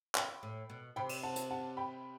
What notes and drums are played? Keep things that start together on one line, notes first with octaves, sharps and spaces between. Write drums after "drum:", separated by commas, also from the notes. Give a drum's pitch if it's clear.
G5 B5, drum: clap
A2
B2
C3 G5 B5
drum: cymbal
F#5 A5
drum: hi-hat
F#5 A5
G5 B5